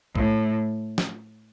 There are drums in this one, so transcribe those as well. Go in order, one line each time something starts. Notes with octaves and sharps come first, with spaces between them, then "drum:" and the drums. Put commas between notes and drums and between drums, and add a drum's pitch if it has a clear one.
A2, drum: kick
drum: snare